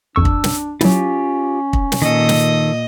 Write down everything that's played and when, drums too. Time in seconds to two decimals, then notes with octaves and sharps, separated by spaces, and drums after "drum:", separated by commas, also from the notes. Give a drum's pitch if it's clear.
0.16 A1 F2 D4 C#6 E6
0.25 drum: kick
0.44 drum: snare
0.81 F#3 C#4 E4 F4 G4, drum: snare
1.73 drum: kick
1.92 drum: snare
2.02 A#2 D#3 A4 D#5
2.29 drum: snare